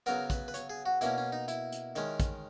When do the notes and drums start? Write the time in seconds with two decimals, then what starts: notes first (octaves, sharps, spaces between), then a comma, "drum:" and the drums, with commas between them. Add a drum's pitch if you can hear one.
0.06 C#3 F#3 B3 A#4, drum: hi-hat
0.30 B4, drum: kick, hi-hat
0.48 B4
0.54 C#5, drum: hi-hat
0.70 G#4
0.86 F#4
1.01 B2 A#3 C#4 E4, drum: hi-hat
1.18 C#4
1.32 D#4
1.48 E4, drum: hi-hat
1.72 drum: hi-hat
1.96 D#3 G#3 C#4, drum: hi-hat
2.20 drum: kick, hi-hat